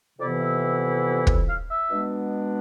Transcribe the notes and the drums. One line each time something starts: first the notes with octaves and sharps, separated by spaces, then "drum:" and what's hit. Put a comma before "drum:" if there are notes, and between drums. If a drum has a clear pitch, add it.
F2 C3 E3 B3 E4 D5
E5
drum: kick
F5
E5
B2 G#3 B3 D4